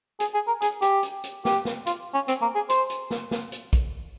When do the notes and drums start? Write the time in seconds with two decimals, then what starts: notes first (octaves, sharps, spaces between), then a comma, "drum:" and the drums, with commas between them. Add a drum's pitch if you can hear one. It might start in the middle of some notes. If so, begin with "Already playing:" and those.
0.20 G#4, drum: hi-hat
0.34 G#4
0.47 A#4
0.62 G#4, drum: hi-hat
0.82 G4, drum: hi-hat
1.03 drum: hi-hat
1.24 drum: hi-hat
1.45 G4, drum: snare
1.65 drum: snare
1.87 F4, drum: hi-hat
2.14 C#4
2.28 C4, drum: hi-hat
2.41 A#3
2.55 G#4
2.70 C5, drum: hi-hat
2.90 drum: hi-hat
3.11 drum: snare
3.31 drum: snare
3.52 drum: hi-hat
3.73 drum: kick, hi-hat